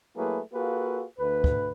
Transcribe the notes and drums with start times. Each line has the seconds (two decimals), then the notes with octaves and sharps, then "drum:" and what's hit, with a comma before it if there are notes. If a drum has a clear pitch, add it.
0.16 F#3 A3 A#3 E4 G#4 B4
0.53 A#3 F4 F#4 G#4 A4 B4
1.19 D2 B4
1.44 drum: kick